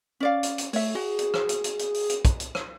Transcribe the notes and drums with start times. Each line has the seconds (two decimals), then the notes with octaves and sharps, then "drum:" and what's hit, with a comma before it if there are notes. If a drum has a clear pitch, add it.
0.20 C#4 D5 F5
0.43 drum: hi-hat
0.58 drum: hi-hat
0.73 A3 C#5 E5, drum: open hi-hat
0.95 F#4 G#4
1.19 drum: hi-hat
1.34 drum: rim click
1.49 drum: hi-hat
1.64 drum: hi-hat
1.79 drum: hi-hat
1.94 drum: open hi-hat
2.09 drum: hi-hat
2.25 drum: kick, hi-hat
2.40 drum: hi-hat
2.55 drum: rim click